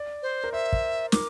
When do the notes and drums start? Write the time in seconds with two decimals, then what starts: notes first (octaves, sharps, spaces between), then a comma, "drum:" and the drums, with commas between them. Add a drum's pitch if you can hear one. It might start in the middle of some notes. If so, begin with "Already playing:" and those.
Already playing: D5
0.23 C5
0.44 A#4
0.52 C5 E5
0.73 drum: kick
1.12 A#4 D6, drum: snare